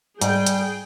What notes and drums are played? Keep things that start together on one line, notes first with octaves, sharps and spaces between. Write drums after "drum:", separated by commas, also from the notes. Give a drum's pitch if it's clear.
G#2 G3 G#4 G5, drum: hi-hat
drum: hi-hat